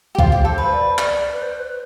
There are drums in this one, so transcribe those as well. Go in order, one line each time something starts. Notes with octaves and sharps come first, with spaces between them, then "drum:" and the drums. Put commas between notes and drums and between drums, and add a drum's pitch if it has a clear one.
G4
F4 C5, drum: kick
G4
A4
B4
D5
D5, drum: clap
B4
C5
B4